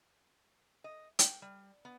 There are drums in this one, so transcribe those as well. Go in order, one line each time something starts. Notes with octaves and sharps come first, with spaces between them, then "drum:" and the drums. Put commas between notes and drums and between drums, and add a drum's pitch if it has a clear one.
D#5
G5, drum: hi-hat
G3
B3